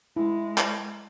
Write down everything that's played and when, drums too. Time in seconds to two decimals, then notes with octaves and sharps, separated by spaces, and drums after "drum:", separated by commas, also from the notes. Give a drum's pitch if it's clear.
0.16 G#3 E4
0.58 drum: clap